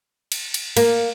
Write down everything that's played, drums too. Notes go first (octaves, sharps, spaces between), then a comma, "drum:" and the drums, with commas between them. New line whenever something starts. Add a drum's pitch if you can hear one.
drum: cymbal
drum: cymbal
A#3, drum: cymbal